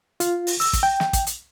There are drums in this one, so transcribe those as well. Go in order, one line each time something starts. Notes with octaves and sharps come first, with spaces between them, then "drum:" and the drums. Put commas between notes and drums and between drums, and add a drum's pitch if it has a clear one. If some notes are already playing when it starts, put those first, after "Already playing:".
F4, drum: hi-hat
drum: open hi-hat
E6, drum: open hi-hat
drum: kick, hi-hat
G5
drum: snare
drum: kick, hi-hat
drum: hi-hat